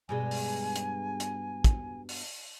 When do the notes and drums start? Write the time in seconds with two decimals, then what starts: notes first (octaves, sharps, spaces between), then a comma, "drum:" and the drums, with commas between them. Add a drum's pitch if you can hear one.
0.09 G2 B2 G#3 G#5
0.31 drum: open hi-hat
0.76 drum: hi-hat
1.20 drum: hi-hat
1.64 drum: kick, hi-hat
2.09 drum: open hi-hat